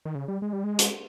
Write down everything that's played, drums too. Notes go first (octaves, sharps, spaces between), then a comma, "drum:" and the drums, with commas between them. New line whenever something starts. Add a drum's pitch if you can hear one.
D#3
C#3
G3
G#3
G3
G#3
drum: hi-hat